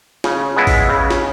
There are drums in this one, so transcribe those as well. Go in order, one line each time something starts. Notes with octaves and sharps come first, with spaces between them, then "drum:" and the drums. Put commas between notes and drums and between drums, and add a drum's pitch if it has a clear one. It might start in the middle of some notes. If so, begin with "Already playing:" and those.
C#3, drum: snare
G#3 B3 E4
drum: kick, open hi-hat
C#3
drum: snare